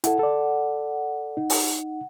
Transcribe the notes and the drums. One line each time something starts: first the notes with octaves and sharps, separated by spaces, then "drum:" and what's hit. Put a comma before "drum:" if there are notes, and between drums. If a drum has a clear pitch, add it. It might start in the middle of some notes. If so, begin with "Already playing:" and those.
E4 A4 F#5, drum: hi-hat
A4 D5
D#4
drum: open hi-hat